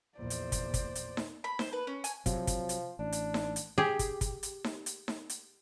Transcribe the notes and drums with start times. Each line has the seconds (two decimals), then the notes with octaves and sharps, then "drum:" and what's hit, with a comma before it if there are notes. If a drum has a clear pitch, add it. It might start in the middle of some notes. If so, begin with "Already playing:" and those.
0.18 A#1 E2 C5 D5
0.30 drum: hi-hat
0.52 drum: kick, hi-hat
0.74 drum: kick, hi-hat
0.95 drum: hi-hat
1.17 drum: snare D#4
1.44 B5
1.59 C5, drum: snare D#4
1.73 B4
1.87 C#4
2.04 G#5, drum: hi-hat
2.26 C3 F3 F#3, drum: kick, hi-hat
2.47 drum: kick, hi-hat
2.69 drum: hi-hat
2.99 A1 D4
3.12 drum: hi-hat
3.34 drum: snare D#4
3.56 drum: hi-hat
3.78 G4 G#4
3.99 drum: kick, hi-hat
4.21 drum: kick, hi-hat
4.43 drum: hi-hat
4.64 drum: snare D#4
4.86 drum: hi-hat
5.08 drum: snare D#4
5.30 drum: hi-hat